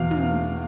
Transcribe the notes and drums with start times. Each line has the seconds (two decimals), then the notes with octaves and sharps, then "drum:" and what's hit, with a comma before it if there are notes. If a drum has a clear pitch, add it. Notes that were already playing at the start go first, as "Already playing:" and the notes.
Already playing: E2 B2 F5
0.11 drum: tom